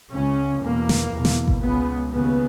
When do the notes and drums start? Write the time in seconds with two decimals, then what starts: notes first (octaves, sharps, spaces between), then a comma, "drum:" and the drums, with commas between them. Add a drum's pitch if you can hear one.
0.12 C#2 C#3 C#4
0.61 E2 B2 A#3
0.89 drum: snare
1.12 E2 B2
1.25 drum: snare
1.48 drum: kick G#1
1.61 C#2 B3
1.66 C#3
2.11 D#2 C#3 B3